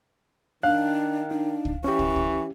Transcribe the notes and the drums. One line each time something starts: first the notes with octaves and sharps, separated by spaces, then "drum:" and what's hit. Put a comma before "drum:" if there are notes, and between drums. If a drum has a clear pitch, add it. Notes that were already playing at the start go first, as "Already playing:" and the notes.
D#3 D4 F5 F#6
D4 D#4
drum: kick
E3 C#4 G4 C#6
drum: kick
drum: kick